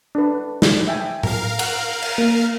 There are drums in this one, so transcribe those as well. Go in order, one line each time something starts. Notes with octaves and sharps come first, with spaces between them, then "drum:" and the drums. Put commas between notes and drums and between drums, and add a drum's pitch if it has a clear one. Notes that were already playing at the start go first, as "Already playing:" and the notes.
D4 B4
drum: snare
E5 G5 G#5
A#4 F5, drum: tom A2
F#5, drum: cymbal
drum: cymbal
A#3